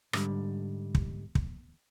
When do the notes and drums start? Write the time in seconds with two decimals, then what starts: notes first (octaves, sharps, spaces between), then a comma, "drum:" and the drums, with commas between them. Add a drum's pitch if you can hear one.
0.13 G#2 D3 G3, drum: rim click
0.95 drum: kick
1.35 drum: kick